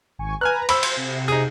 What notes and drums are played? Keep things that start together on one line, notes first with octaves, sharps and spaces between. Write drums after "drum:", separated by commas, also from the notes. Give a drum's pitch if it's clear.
G#1 G#5 C#6
B4 G#5 A#5 F6 F#6
C5 B5 E6, drum: cymbal
drum: cymbal
C3
D#4 G#4